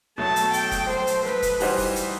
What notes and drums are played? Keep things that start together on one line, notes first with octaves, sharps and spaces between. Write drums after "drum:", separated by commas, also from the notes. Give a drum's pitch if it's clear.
B2 F#3 A3 A5
drum: hi-hat
G5, drum: hi-hat
drum: kick F1, hi-hat
C5, drum: snare
drum: hi-hat
B4, drum: snare
drum: kick F1, hi-hat
E3 G3 D#4 F#4 C5, drum: open hi-hat
drum: kick F1, open hi-hat
drum: hi-hat